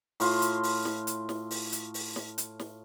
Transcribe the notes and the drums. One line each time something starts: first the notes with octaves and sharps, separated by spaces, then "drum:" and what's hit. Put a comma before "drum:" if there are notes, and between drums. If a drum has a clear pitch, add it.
A2 F4 C6, drum: open hi-hat
drum: hi-hat
drum: open hi-hat
drum: snare
drum: hi-hat
drum: snare
drum: open hi-hat
drum: hi-hat
drum: open hi-hat
drum: snare
drum: hi-hat
drum: snare